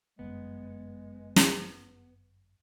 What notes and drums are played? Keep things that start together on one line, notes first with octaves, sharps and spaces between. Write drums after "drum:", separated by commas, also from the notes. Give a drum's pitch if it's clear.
G1 F#2 G#3 B3
drum: snare